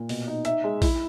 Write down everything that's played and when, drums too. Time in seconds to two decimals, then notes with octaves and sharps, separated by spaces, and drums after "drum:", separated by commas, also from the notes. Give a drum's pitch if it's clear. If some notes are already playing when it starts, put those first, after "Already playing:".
Already playing: A#2
0.09 B2, drum: open hi-hat
0.27 D#4
0.45 D#4 E5, drum: hi-hat
0.64 G#3
0.82 E4, drum: kick, open hi-hat